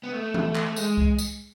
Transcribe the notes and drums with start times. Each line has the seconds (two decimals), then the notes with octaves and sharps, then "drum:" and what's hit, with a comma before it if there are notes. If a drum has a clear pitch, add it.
0.03 B3
0.13 A3
0.34 drum: tom E3
0.55 drum: clap
0.66 A3
0.76 G#3, drum: tambourine
0.98 drum: kick C2
1.19 drum: tambourine